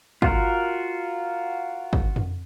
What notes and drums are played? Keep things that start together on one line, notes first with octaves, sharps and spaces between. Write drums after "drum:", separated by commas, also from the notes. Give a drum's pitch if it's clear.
F4 F#4 A#4, drum: kick
drum: kick
drum: tom F2